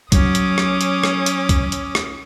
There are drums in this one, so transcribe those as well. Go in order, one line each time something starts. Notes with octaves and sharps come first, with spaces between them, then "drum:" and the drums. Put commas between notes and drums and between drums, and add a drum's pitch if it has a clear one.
F#3 C#4 D6 D#6, drum: kick, hi-hat
drum: hi-hat
drum: rim click
drum: hi-hat
drum: rim click
drum: hi-hat
drum: kick, hi-hat
drum: hi-hat
drum: rim click